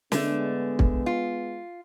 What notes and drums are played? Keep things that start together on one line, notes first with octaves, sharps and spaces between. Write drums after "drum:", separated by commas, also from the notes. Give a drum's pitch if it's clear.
D3 G#3 A3 B3, drum: snare
drum: kick
F4